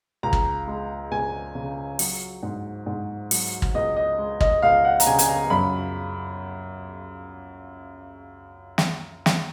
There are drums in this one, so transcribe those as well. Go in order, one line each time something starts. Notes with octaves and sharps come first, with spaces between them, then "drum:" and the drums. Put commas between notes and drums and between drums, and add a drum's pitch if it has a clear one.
C#2 A#5
drum: kick
G#3
C#2 G#5
C#3
F#3, drum: open hi-hat
G#2
G#2
F#3, drum: open hi-hat
drum: kick
C#2 D#5
D#5
G#3
D#5, drum: kick
C#2 F5
F#5
A#5, drum: hi-hat
C#3 G#5
G#5, drum: hi-hat
A#5
F#2 B5
drum: snare
drum: snare